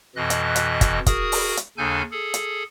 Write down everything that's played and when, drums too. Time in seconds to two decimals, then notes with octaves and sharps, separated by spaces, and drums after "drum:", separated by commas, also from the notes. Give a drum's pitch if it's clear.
0.16 F2 B2 E3 D#5 F#6
0.30 drum: hi-hat
0.56 drum: hi-hat
0.81 drum: kick, hi-hat
1.06 F#4 G#4 A#4 D#6, drum: kick, hi-hat
1.32 drum: open hi-hat
1.57 drum: hi-hat
1.78 D#2 C#3 D4 A4 G#5 G6
2.11 G#4 A4
2.34 drum: hi-hat